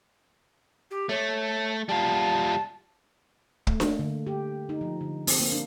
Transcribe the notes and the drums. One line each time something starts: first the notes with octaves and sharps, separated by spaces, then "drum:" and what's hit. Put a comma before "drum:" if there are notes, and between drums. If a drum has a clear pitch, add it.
G4
A3 C#5
G3 F4 A5
A3, drum: kick
A#3, drum: snare D4
D3
G4
D#4
F3
D3
C4, drum: open hi-hat
A#3
D4